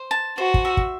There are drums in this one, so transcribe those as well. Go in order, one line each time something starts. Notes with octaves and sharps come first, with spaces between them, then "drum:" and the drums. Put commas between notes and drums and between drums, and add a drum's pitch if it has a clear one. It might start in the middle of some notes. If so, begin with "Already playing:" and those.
Already playing: C5
A5
F#4 C5
drum: kick
E5
drum: kick